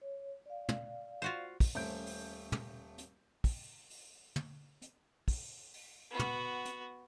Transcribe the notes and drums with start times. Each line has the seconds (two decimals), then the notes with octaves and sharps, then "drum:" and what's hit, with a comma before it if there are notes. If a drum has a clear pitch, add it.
0.01 C#5
0.46 D5 F5
0.69 drum: tom
1.22 F4 F#4 C5
1.60 drum: kick, open hi-hat
1.75 D#1 A3 C#4 C5 G6 D7
2.06 drum: open hi-hat
2.52 drum: tom
2.98 drum: hi-hat
3.44 drum: kick, open hi-hat
3.90 drum: open hi-hat
4.36 drum: tom
4.82 drum: hi-hat
5.28 drum: kick, open hi-hat
5.74 drum: open hi-hat
6.10 B3 F#4
6.19 drum: tom
6.65 drum: hi-hat